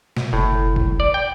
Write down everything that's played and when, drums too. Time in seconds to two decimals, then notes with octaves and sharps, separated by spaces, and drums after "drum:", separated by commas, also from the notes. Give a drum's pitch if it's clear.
0.16 B2, drum: snare
0.33 F#1 A2
0.76 drum: kick A#1
1.00 D5
1.14 G5